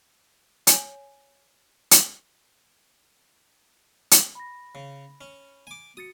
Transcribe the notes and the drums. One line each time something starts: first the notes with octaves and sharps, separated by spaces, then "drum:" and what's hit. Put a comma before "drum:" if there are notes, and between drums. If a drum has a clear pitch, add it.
C#5 G#5, drum: hi-hat
drum: hi-hat
drum: hi-hat
B5 A#6
C#3
C#4
G#5 D6
F#4 D#6 A6 C#7